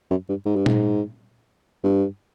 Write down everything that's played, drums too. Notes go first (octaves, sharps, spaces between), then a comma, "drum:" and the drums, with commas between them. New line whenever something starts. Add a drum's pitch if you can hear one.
F#2
G2
G#2
G2
G#2, drum: tom A#2
G2